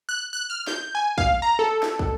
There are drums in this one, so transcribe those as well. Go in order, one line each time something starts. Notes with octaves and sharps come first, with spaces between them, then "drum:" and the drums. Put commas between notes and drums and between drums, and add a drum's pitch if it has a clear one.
F#6
F#6
F6
G6, drum: snare
G#5
F5, drum: kick
A#5
A4
drum: snare
drum: kick